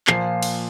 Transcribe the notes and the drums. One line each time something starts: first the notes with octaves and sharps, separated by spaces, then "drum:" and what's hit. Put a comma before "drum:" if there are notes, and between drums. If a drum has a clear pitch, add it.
A#2 F3 A#3 C7, drum: clap
drum: cymbal